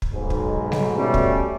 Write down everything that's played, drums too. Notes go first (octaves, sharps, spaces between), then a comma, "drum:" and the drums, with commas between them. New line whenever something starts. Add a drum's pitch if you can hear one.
drum: kick
B1 G#2
drum: kick
drum: snare
B2 G3 A3 C#4
drum: kick